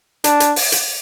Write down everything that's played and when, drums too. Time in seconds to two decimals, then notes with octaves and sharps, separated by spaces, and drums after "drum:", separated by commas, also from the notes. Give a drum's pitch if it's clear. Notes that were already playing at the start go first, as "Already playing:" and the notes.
0.24 D4, drum: hi-hat
0.40 drum: hi-hat
0.56 drum: open hi-hat
0.72 drum: hi-hat